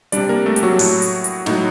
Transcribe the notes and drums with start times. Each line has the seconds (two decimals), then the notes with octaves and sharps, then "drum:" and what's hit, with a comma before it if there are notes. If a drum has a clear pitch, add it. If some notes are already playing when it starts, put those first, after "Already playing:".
0.12 C3 G3 D4 D5, drum: hi-hat
0.29 A#3 A#4
0.46 A3 A4
0.56 G4, drum: hi-hat
0.63 F#3 F#4
0.79 A2 F#3, drum: open hi-hat
1.02 drum: hi-hat
1.24 drum: hi-hat
1.46 A2 F#3 D#4, drum: snare